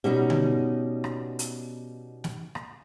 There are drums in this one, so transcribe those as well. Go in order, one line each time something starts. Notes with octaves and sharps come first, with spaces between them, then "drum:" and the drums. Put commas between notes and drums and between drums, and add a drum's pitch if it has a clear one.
B2 G3 C#4 D#4
drum: tom D3
drum: rim click
drum: hi-hat
drum: snare
drum: rim click